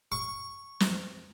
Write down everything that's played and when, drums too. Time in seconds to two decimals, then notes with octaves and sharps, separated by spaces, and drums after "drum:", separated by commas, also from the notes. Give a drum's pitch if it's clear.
0.12 C#6
0.80 drum: snare